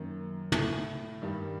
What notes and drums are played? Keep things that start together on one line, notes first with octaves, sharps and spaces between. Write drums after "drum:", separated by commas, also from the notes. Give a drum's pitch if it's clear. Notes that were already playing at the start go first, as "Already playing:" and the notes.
Already playing: F#2 D#3 A#3
A2 A3, drum: tom
G2 D#3 G3